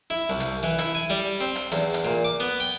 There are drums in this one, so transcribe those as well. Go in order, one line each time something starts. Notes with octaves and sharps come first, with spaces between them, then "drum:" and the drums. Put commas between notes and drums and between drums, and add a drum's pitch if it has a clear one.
E4
C2
drum: hi-hat
E3
E4, drum: hi-hat
G#5
G3
C4
drum: hi-hat
E2, drum: hi-hat
drum: hi-hat
A#2
D6
B3
G5